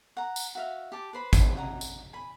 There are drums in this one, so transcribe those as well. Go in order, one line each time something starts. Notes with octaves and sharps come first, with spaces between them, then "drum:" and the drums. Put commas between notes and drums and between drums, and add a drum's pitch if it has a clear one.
F#5 A#5
drum: tambourine
F#4 E5 F5
G4 A5
B4 C5 B5
drum: kick G#1, tambourine
F#5 A#5
drum: tambourine
G#5 B5